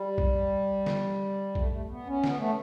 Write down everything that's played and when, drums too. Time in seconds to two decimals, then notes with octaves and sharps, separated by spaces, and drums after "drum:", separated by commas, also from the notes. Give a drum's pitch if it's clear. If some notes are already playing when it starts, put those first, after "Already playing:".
Already playing: G3
0.18 drum: kick A#1
0.86 drum: snare
1.55 A3, drum: kick A#1
1.72 A3
1.85 A3
1.90 B3
2.07 C#4
2.24 B3, drum: snare
2.37 A3